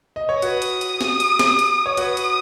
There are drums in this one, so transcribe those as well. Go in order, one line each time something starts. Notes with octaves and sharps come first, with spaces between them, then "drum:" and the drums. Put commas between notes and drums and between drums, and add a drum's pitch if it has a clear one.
D#5
C#5
F#4 B4 D#6, drum: hi-hat
drum: hi-hat
drum: hi-hat
drum: snare
drum: hi-hat
drum: snare
drum: hi-hat
C#5
F#4 B4 D#6, drum: hi-hat
drum: hi-hat